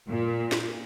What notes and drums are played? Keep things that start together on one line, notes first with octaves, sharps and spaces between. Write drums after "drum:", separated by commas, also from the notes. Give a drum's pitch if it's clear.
A#2
drum: snare